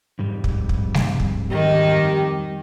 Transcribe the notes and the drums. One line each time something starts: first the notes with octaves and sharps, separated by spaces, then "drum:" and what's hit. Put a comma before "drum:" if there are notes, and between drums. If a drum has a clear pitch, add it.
F2 G#2 G3
drum: kick
drum: kick
drum: snare G3
drum: kick
D#3 D#4 G4